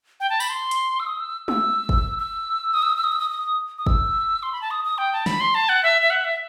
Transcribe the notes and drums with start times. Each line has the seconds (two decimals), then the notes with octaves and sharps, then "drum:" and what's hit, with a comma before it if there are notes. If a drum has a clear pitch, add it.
0.20 G5
0.30 A5
0.40 B5, drum: tambourine
0.50 C6
0.71 drum: hi-hat
1.00 E6
1.06 D#6
1.20 E6
1.48 E6, drum: tom G#3
1.89 drum: kick
2.19 E6
2.74 D#6
2.82 E6
2.89 D#6
2.96 E6
3.04 D#6
3.12 E6
3.19 D#6
3.30 D#6
3.78 D#6
3.86 E6, drum: kick
4.43 C6
4.52 B5
4.62 A5
4.71 D#6
4.85 D#6
4.98 G5
5.13 A5
5.26 B5, drum: snare
5.41 C6
5.55 A5
5.69 F#5
5.83 E5
6.02 E5
6.10 F#5
6.24 E5